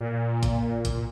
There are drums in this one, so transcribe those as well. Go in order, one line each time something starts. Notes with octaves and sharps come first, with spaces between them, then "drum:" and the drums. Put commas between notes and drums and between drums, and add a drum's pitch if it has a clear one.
A#2
drum: kick A1, hi-hat
drum: kick A1, hi-hat